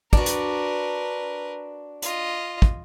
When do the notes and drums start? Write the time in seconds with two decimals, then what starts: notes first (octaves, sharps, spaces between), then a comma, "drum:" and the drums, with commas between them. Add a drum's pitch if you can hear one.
0.13 D4 F#4 A#4 B4, drum: kick
0.26 drum: hi-hat
2.02 F4 D#5, drum: hi-hat
2.62 drum: kick